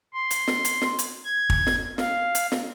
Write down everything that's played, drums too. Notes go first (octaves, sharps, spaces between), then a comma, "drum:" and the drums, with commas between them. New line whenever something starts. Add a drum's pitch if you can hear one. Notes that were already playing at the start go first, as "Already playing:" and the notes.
C6
drum: hi-hat
drum: snare
drum: hi-hat
drum: snare
drum: hi-hat
G#6
drum: kick
drum: snare
F5, drum: snare
drum: hi-hat
drum: snare